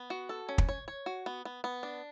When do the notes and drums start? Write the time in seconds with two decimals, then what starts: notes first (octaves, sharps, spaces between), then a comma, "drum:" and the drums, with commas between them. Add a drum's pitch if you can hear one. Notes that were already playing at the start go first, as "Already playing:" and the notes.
Already playing: B3
0.10 F#4
0.29 A4
0.49 C#4
0.58 drum: kick
0.69 C#5
0.88 C#5
1.06 F#4
1.26 B3
1.45 B3
1.64 B3
1.83 D4